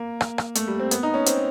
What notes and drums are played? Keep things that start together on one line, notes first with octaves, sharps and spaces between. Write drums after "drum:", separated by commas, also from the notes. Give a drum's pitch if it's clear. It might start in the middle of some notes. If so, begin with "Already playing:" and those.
Already playing: A#3
drum: rim click
drum: rim click
A3, drum: hi-hat
G3
C4
B3, drum: hi-hat
D#4
C#4
C4, drum: hi-hat